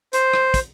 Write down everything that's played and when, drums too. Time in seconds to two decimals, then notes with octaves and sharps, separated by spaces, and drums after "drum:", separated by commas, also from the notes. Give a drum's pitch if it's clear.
0.13 C5, drum: hi-hat
0.33 drum: rim click
0.54 drum: kick, hi-hat